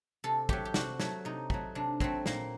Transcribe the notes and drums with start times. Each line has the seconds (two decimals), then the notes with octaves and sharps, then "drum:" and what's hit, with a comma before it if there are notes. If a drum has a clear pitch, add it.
0.24 C3 A4
0.49 F#3 A3 G4, drum: kick
0.65 G4
0.74 C3 F#4, drum: snare
0.99 F#3 A3, drum: snare
1.25 C3 D#4
1.50 F#3 A3, drum: kick
1.75 C3 D4
2.00 F#3 A3 C4, drum: kick
2.26 A#2 A#3, drum: snare